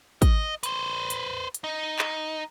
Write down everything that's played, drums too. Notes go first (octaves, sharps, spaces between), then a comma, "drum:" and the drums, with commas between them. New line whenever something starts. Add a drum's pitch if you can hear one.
D#5, drum: kick, hi-hat
B4 C5, drum: hi-hat
drum: hi-hat
drum: hi-hat
D#4
drum: clap